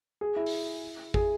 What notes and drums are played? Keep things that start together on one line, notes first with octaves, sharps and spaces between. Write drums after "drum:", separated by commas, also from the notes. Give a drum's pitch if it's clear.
G#4
E4
drum: open hi-hat
G#4, drum: kick